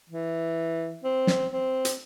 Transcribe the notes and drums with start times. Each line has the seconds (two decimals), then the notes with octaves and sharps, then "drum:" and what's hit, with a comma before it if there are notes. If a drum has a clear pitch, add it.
0.10 E3
1.04 C4
1.27 drum: snare
1.52 C4
1.85 drum: hi-hat